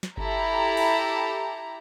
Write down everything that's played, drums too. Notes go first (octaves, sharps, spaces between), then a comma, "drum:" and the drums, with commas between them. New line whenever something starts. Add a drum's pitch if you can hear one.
drum: snare
E4 G4 A4 A#5, drum: kick G1
drum: cymbal